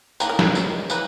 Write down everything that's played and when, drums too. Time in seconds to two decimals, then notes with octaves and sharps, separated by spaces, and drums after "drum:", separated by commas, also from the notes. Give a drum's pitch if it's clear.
0.20 D#3 A#3 C#4 B4, drum: tambourine
0.29 A#4
0.39 B4, drum: snare
0.55 drum: tambourine
0.90 E3 A#3 D#4 B4, drum: tambourine